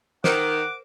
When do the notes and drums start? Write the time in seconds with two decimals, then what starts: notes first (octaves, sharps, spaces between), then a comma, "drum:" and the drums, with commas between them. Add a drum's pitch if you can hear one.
0.24 D#3 A#4 C5 F#5 D6, drum: snare